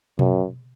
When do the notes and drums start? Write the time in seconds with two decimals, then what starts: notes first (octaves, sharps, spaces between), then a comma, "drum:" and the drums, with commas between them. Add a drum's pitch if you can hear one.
0.19 F#2, drum: tom B2